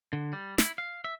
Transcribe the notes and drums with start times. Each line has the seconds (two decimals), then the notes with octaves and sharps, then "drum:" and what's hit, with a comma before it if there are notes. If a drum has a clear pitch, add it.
0.13 D3
0.33 G3
0.58 E4, drum: snare
0.78 F5
1.04 E5